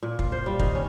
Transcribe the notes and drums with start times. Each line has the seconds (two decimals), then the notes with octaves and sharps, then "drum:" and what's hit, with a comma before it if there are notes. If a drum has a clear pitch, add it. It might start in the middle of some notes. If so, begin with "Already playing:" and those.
0.03 A#2
0.19 F4, drum: kick
0.32 C5
0.46 G3
0.59 D#3, drum: kick
0.75 C#4